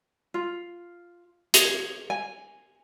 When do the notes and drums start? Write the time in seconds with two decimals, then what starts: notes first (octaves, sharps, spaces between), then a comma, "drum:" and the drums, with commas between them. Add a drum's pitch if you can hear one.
0.34 F4
1.54 G#4, drum: hi-hat
2.10 G#5